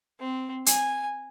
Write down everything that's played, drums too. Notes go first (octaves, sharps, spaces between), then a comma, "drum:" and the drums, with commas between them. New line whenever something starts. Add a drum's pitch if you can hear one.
C4
G#5, drum: hi-hat